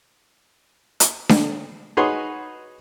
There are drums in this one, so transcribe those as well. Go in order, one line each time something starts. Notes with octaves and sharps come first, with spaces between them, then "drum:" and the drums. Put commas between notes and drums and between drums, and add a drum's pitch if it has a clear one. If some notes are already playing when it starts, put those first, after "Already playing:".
drum: hi-hat
drum: snare D4
D#4 F#4 G#4 B4 C#5 C6